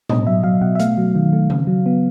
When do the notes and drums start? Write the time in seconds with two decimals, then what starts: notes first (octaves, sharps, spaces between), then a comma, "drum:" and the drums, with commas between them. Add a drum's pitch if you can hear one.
0.09 B2 D#5, drum: tom A2
0.27 F#3 E5
0.44 F#3 F5
0.61 B2 F#5
0.75 E5
0.80 A3 F5, drum: hi-hat
0.98 F#3
1.15 D#3
1.33 A3
1.50 C#3, drum: tom D#3
1.67 F#3
1.86 B3